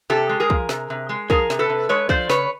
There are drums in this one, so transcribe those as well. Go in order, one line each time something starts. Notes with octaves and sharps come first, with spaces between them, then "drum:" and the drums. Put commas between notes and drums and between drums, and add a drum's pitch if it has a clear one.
C3 G4 A4
G#3
G#4 A#4
F3, drum: kick
C3, drum: snare
C3
G#3
F3 G#4 A#4, drum: kick
C3, drum: snare
A4 B4
C3
G#3 B4 C#5
F3 C5 D5, drum: kick
C#3 B4 C#5, drum: snare